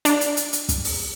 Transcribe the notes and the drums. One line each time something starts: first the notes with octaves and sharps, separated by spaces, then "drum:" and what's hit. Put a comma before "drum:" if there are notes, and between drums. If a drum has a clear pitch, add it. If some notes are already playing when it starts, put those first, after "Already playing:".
D4, drum: hi-hat
drum: hi-hat
drum: hi-hat
drum: hi-hat
drum: kick, hi-hat
drum: open hi-hat